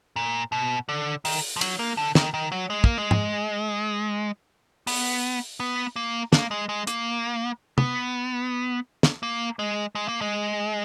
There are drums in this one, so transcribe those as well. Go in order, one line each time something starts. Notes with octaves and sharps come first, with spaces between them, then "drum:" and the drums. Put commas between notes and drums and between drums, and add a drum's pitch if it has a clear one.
A#2
B2
D3
D#3, drum: open hi-hat
F3
F#3, drum: cymbal
A#3
D3
D#3, drum: snare
D#3
F#3
G#3
A#3, drum: kick
G#3
drum: tom
B3, drum: open hi-hat
B3
A#3
A#3, drum: snare
G#3
G#3
A#3, drum: hi-hat
B3, drum: tom
drum: snare
A#3
G#3
G#3
A#3
G#3